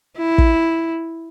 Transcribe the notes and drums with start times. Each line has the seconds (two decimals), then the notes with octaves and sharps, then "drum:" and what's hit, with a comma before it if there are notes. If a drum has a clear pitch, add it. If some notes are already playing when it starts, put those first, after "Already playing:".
0.18 E4
0.38 drum: kick